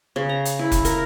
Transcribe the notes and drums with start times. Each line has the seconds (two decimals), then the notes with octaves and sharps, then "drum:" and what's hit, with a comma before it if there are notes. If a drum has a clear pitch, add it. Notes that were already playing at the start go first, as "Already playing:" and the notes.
0.16 C#3
0.29 A#5
0.45 drum: hi-hat
0.59 E4
0.72 drum: kick F1, hi-hat
0.85 A#4, drum: hi-hat